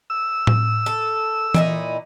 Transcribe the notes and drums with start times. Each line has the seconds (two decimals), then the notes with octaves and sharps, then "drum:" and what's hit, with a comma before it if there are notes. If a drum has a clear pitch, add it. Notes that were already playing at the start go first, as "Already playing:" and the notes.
0.10 E6
0.47 drum: tom A2
0.86 A4
1.54 A#2 D#4 E4, drum: tom E3